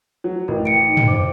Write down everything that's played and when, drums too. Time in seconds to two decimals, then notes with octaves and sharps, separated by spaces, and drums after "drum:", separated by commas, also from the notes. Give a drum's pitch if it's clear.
0.24 F#3
0.48 A1 A#4
0.65 G5 C#7 D7
0.87 D#4
0.97 drum: tom
1.08 C5 D6